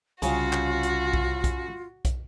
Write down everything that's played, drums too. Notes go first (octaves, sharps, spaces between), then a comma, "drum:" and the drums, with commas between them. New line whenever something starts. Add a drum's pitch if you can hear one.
C2 C#3 G3 F4 F#4, drum: hi-hat
drum: clap
drum: hi-hat
drum: kick B1
drum: kick B1, hi-hat
drum: kick B1, hi-hat